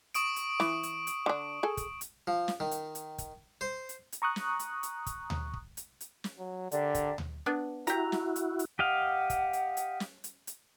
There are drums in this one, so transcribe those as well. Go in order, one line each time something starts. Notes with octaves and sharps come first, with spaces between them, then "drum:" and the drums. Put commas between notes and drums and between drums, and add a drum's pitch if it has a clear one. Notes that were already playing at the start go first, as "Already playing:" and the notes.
C#6 D#6 D7, drum: hi-hat
drum: hi-hat
E3, drum: snare
drum: hi-hat
drum: hi-hat
D3 D4
G#4 A4
drum: kick, hi-hat
drum: hi-hat
F3
drum: snare
D#3
drum: hi-hat
drum: hi-hat
drum: kick, hi-hat
C5
drum: hi-hat
drum: hi-hat
A#5 C#6 D#6 F#6
drum: snare
drum: hi-hat
drum: hi-hat
drum: kick, hi-hat
drum: tom D2
drum: kick
drum: hi-hat
drum: hi-hat
drum: snare
F#3
D3 D4 G4 A#4, drum: hi-hat
drum: kick, hi-hat
drum: tom D2
B3 D4
E4 F#4 G4 A#5, drum: hi-hat
drum: snare
drum: hi-hat
drum: hi-hat
G4 D#5 F5 F#5
drum: kick, hi-hat
drum: hi-hat
drum: hi-hat
drum: snare
drum: hi-hat
drum: hi-hat